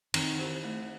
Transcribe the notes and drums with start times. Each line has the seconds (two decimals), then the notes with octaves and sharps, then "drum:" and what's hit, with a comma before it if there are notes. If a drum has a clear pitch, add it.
0.14 D#3 C4, drum: cymbal
0.39 E4 G4 C5
0.64 A3